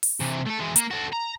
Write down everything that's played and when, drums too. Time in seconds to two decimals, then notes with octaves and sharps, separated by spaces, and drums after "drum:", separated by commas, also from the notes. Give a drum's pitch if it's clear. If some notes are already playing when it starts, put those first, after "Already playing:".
0.03 drum: open hi-hat
0.20 C3 E3
0.46 A3 A4
0.59 E3 G#3
0.76 A#3, drum: hi-hat
0.91 F#4 A4
1.13 A#5